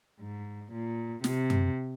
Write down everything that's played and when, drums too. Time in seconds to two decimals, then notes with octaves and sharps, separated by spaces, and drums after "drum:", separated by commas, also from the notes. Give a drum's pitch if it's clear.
0.21 G#2
0.73 A#2
1.24 C3, drum: snare
1.50 drum: tom F#2